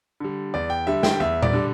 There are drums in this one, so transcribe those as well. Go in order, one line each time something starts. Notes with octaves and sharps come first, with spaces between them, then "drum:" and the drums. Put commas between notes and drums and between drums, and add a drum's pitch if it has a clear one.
D3 G3
E2 D5
G5
D3 G3 E5
G5, drum: snare
E2 E5
D5, drum: tom A#2
D3 G3